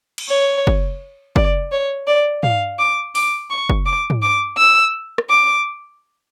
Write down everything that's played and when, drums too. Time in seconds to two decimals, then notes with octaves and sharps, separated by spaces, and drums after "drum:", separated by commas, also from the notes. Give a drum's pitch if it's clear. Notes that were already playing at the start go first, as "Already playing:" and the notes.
0.18 drum: cymbal
0.29 C#5
0.67 drum: kick F#1
1.36 D5, drum: kick F#1
1.72 C#5
2.07 D5
2.43 F5, drum: tom
2.79 D6
3.15 D6, drum: open hi-hat
3.50 C#6
3.70 drum: kick F#1
3.86 D6
4.10 drum: tom
4.22 D6
4.57 E6
5.18 drum: rim click
5.30 D6